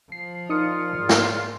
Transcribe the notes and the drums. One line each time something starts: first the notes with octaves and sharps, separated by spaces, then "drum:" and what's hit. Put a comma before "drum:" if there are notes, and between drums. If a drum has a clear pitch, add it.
F3 C7
A#2 D#4 F4 D#6 C#7
G#2
drum: snare